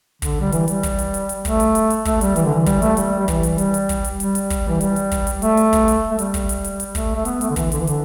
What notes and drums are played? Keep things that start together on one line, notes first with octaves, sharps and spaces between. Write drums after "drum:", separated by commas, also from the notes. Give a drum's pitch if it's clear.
D3, drum: kick, hi-hat
G3
E3, drum: hi-hat
G3, drum: hi-hat
drum: kick, hi-hat
drum: hi-hat
drum: hi-hat
drum: hi-hat
A3, drum: kick, hi-hat
drum: hi-hat
drum: hi-hat
drum: hi-hat
A3, drum: kick, hi-hat
G3, drum: hi-hat
E3, drum: hi-hat
D3
E3
G3, drum: kick, hi-hat
A3, drum: hi-hat
G3, drum: hi-hat
G3
E3, drum: kick, hi-hat
drum: hi-hat
G3, drum: hi-hat
drum: hi-hat
drum: kick, hi-hat
drum: hi-hat
G3, drum: hi-hat
drum: hi-hat
drum: kick, hi-hat
E3
G3, drum: hi-hat
drum: hi-hat
drum: kick, hi-hat
drum: hi-hat
A3, drum: hi-hat
drum: hi-hat
drum: kick, hi-hat
drum: hi-hat
A3
G3, drum: hi-hat
drum: kick, hi-hat
drum: hi-hat
drum: hi-hat
drum: hi-hat
A3, drum: kick, hi-hat
A3
B3, drum: hi-hat
A3, drum: hi-hat
D3
E3, drum: kick, hi-hat
D3, drum: hi-hat
E3
D3, drum: hi-hat